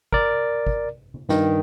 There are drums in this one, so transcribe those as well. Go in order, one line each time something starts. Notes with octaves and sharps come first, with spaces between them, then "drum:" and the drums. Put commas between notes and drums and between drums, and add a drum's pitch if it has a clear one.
A#4 D5, drum: kick
drum: kick
drum: tom C#3
G2 D#3, drum: snare